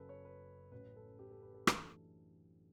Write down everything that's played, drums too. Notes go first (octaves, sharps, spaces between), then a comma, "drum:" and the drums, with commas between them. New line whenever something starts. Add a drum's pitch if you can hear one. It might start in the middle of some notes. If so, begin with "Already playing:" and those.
Already playing: F#1 F#2 C#3 A4 B4
C#5
B4
A1 A2 F#3 C#4 B4
A4
G4
A4
B4
A4
F#2 E3 A3 D4 A4, drum: rim click
A4